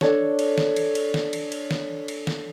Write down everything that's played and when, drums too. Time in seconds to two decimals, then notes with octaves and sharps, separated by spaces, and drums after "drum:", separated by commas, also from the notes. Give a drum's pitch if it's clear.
0.01 D4 A4 C#5, drum: snare
0.39 drum: cymbal
0.58 drum: snare
0.76 drum: cymbal
0.95 drum: cymbal
1.14 drum: snare
1.33 drum: cymbal
1.52 drum: cymbal
1.71 drum: snare
2.08 drum: cymbal
2.27 drum: snare